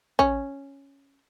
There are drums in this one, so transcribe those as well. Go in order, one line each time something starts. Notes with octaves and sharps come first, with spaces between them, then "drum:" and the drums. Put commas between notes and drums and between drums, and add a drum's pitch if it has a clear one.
C#4, drum: kick A1